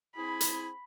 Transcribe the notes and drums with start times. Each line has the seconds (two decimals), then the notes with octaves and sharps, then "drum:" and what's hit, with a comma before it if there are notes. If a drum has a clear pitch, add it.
0.17 C4 E4 G#4 B5
0.41 drum: hi-hat